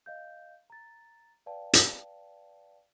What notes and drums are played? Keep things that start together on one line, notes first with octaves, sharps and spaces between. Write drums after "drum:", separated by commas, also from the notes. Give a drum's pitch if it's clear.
D#5 F5 G6
A#5 A6
B4 D5 F5 G5 A5
drum: hi-hat